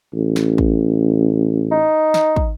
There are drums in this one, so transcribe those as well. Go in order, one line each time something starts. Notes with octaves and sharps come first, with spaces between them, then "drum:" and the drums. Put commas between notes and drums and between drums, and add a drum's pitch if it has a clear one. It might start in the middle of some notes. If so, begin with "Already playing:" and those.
A1
drum: snare
drum: kick
D#4
drum: snare
drum: kick